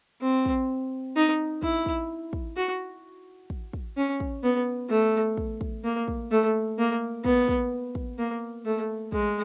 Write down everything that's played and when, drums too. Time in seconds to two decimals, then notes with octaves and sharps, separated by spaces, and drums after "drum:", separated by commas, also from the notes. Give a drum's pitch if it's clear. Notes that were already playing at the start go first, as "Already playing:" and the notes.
0.22 C4
0.45 drum: kick
1.16 D#4
1.62 E4, drum: kick
1.86 drum: kick
2.33 drum: kick
2.56 F#4
3.50 drum: kick
3.73 drum: kick
3.97 C#4
4.20 drum: kick
4.43 B3
4.90 A3
5.37 drum: kick
5.61 drum: kick
5.84 A#3
6.08 drum: kick
6.31 A3
6.78 A#3
7.25 B3, drum: kick
7.48 drum: kick
7.95 drum: kick
8.18 A#3
8.65 A3
9.12 G#3, drum: kick